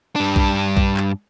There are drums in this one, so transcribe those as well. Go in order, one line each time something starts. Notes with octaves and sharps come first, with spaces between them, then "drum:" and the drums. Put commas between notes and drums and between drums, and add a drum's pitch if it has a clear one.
G2 D4
drum: kick B1
drum: kick B1
drum: clap